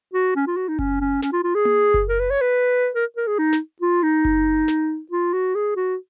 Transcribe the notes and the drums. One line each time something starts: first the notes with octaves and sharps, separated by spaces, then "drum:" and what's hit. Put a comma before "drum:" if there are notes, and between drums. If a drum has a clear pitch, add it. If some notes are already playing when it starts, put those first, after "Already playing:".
F#4
C#4
F4
F#4
D#4
C#4, drum: kick F#1
C#4
C#4, drum: snare
F4
F4
G#4
drum: tom A#3
drum: kick F#1
A#4
B4
C#5
B4
A#4
A#4
G#4
D#4
drum: snare
F4
D#4
drum: kick F#1
drum: snare
F4
F#4
G#4
F#4